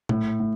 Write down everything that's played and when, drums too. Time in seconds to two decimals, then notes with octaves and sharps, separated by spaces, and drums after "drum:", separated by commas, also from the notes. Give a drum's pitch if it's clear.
0.09 A2, drum: tom A#2
0.40 A2